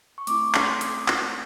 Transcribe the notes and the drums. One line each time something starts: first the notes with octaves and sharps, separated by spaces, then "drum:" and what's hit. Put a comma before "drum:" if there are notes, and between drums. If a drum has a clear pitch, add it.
C#6
A3 C4 E4 D6, drum: hi-hat
C6, drum: clap
D#6, drum: hi-hat
drum: clap